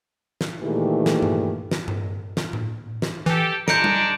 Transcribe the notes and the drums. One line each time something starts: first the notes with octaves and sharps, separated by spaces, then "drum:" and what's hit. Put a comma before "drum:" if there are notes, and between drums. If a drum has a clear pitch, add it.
drum: snare
A#2 D#3 E3 G#3 A3 G4
drum: snare
drum: tom G2
drum: snare
drum: tom G2
drum: snare
drum: tom A2
drum: snare
E3 G4 A4
G#3 D4 A#5 G6 C#7 D7, drum: snare
drum: tom G3